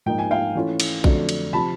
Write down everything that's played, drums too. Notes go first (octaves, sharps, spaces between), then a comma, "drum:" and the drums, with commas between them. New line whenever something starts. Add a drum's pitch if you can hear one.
G#2 F3 A#3 D#4 G5
G#5
F5 G5
E3 A3 C#4 F4
drum: cymbal
F2 D3 F#3 A3 D4, drum: kick A#1
drum: cymbal
C3 F3 A5 B5